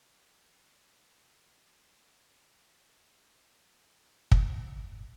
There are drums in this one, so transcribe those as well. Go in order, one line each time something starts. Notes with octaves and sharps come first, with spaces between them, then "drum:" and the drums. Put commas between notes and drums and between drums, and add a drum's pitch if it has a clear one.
A3 B6 D#7
E2
F#3 B6
C#3
A3 A6
E2
F#3
C#3
A3
E2
F#3
C#3
A3
E2
F#3
C#3
D#4
D#2
G#3
C#3
D#4 B6
D#2
G#3
C#3
drum: kick